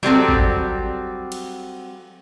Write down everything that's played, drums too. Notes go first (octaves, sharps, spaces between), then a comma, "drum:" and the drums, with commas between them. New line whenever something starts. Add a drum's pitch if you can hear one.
F#3 G3 C4 A4, drum: tom F#3
drum: kick G#1
drum: cymbal